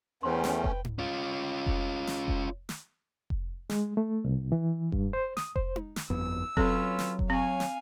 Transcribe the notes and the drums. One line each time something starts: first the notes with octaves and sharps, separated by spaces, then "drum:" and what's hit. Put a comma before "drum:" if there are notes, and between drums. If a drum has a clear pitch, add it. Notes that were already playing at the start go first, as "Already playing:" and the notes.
E2 A3 C#4 B4 C5 G5 C6
drum: snare
drum: kick F1
drum: tom G#2
C#4 F4
drum: kick F1
drum: snare
drum: kick F1
drum: snare
drum: kick F1
G#3, drum: snare
A3
C2
E3
G2, drum: kick F1
C5
D#6, drum: snare
C5, drum: kick F1
drum: tom D#4
drum: snare
G1 F2 B3 E6
F#3 C4 C#4 F4 A4 B4, drum: kick F1
drum: snare
drum: kick F1
C4 C#5 F5 G#5
drum: snare